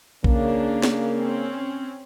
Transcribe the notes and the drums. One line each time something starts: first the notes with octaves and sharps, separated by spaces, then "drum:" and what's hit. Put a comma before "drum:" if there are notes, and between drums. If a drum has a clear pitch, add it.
C#3 A#3 D4, drum: kick A#1
drum: snare
C4 C#4